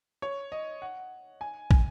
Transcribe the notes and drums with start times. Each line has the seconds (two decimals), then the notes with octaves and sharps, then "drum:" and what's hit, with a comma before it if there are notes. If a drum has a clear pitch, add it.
0.22 C#5
0.52 D#5
0.82 F#5
1.41 G#5
1.71 G#5, drum: kick